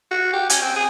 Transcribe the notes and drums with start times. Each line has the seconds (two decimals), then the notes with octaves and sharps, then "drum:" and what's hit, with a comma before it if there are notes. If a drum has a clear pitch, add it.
0.11 F#4
0.33 G4
0.50 C#4, drum: hi-hat
0.62 C4
0.76 G#4